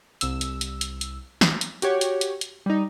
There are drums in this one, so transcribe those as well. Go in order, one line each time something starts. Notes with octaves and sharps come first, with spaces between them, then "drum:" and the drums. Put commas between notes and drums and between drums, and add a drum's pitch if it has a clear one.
C2 E6, drum: hi-hat
drum: hi-hat
drum: hi-hat
drum: hi-hat
drum: hi-hat
drum: snare
drum: hi-hat
F#4 G4 C#5, drum: hi-hat
drum: hi-hat
drum: hi-hat
drum: hi-hat
G3 D#4